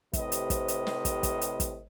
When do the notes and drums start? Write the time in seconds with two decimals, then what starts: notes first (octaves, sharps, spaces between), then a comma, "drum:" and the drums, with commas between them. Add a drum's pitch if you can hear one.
0.13 A2 C3 G4 B4 C5 D#5, drum: kick, hi-hat
0.32 drum: hi-hat
0.50 drum: kick, hi-hat
0.68 drum: hi-hat
0.87 drum: snare
1.05 drum: kick, hi-hat
1.23 drum: kick, hi-hat
1.41 drum: hi-hat
1.60 drum: kick, hi-hat